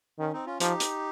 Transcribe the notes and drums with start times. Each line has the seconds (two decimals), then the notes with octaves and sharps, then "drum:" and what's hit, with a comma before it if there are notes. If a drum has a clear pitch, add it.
0.19 D#3 C#4
0.33 C4 D#4
0.46 C#4 F4
0.60 F3 D#4 G4, drum: hi-hat
0.80 drum: hi-hat